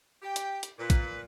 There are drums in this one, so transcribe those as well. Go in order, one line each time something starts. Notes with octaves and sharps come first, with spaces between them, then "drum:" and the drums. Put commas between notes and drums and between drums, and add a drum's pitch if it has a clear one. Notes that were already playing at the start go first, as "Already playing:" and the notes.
G4 G5
drum: hi-hat
drum: hi-hat
A#2 B4
drum: kick, hi-hat